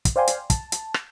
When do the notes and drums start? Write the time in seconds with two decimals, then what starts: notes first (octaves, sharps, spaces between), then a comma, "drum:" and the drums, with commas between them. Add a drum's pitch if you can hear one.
0.05 drum: kick, hi-hat
0.16 C5 D5 F5 G5 G#5 C6
0.27 drum: hi-hat
0.50 A5, drum: kick, hi-hat
0.72 drum: hi-hat
0.94 drum: rim click